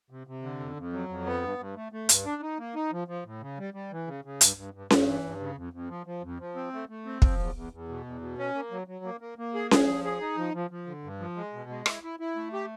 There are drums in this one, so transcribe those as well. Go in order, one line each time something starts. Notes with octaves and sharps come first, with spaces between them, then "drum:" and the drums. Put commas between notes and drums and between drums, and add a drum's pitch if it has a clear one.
C3
C3
D3
F2
F2
F#3
F2
B3
G2
G2
A3
A3
G2, drum: hi-hat
D4
D#4
A#3
D#4
F3
F3
A2
C#3
G3
G3
E3
C#3
C#3
G2, drum: hi-hat
G2
G2
G2, drum: snare C#4
E3
G2
C#3
F2
F2
F3
F3
F2
F3
C4
A3
A3
C4
F3, drum: kick
E2
E2
E2
B2
E2
B2
C#4
A#3
F#3
F#3
A#3
A#3
A#3
G#4
G#4, drum: snare C#4
F3
G#4
D#4
F3
F3
F3
D3
G2
F3
G#3
B2
G#3
E4, drum: rim click
E4
E4
A3
G4